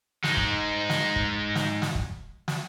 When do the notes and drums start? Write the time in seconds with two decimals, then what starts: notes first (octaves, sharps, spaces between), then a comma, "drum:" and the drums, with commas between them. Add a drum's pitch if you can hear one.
0.24 G#3 D#4, drum: snare
0.37 drum: kick
0.90 drum: snare
1.16 drum: kick
1.55 drum: snare
1.82 drum: snare
1.95 drum: kick
2.48 drum: snare